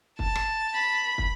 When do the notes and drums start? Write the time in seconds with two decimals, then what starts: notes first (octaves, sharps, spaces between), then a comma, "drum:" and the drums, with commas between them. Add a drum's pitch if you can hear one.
0.19 A5, drum: kick
0.35 drum: rim click
0.74 B5
1.18 drum: kick